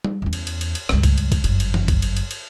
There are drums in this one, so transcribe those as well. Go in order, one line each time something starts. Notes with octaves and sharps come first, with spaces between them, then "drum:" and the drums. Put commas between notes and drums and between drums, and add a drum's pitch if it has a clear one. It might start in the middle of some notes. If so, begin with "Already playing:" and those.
drum: tom G3
E2 C#4
drum: cymbal
drum: cymbal
drum: cymbal
drum: cymbal
C#2 G2, drum: rim click
drum: kick, cymbal
drum: cymbal
drum: kick, cymbal
G1 F#2, drum: cymbal
drum: cymbal
drum: tom D#3
drum: kick, cymbal
drum: cymbal
drum: cymbal
drum: cymbal